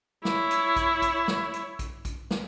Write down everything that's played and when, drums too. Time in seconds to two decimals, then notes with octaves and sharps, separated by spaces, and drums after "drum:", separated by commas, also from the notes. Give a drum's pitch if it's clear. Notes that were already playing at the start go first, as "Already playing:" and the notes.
0.25 E4 C#5, drum: snare
0.51 drum: hi-hat
0.76 drum: kick A#1, hi-hat
1.02 drum: kick A#1, hi-hat
1.28 drum: snare
1.53 drum: hi-hat
1.79 drum: kick A#1, hi-hat
2.05 drum: kick A#1, hi-hat
2.31 drum: snare